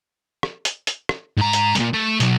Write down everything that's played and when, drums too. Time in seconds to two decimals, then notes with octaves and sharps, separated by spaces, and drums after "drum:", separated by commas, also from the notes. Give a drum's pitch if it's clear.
0.43 drum: rim click
0.65 drum: hi-hat
0.87 drum: hi-hat
1.09 drum: rim click
1.37 G#2 A#5
1.53 drum: hi-hat
1.75 C2 A#2, drum: hi-hat
1.94 A3
2.20 B2 F#3, drum: hi-hat